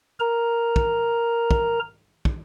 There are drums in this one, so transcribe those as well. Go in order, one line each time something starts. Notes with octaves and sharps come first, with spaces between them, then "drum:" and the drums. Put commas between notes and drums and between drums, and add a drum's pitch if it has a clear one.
A#4 A#5
drum: kick
drum: kick
drum: kick